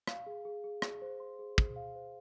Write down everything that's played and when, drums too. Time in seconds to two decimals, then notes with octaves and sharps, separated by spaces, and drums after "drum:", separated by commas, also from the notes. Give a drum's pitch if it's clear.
0.07 F5, drum: rim click
0.26 G#4
0.45 G#4
0.64 G#4
0.82 G#4, drum: rim click
1.02 C5
1.20 C6
1.39 G#4
1.58 G#4, drum: kick
1.76 F5
1.95 C5